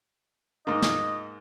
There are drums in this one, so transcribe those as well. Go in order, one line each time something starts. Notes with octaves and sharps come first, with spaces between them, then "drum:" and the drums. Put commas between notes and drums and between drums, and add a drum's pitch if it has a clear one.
G#2 A#3 D#5
drum: snare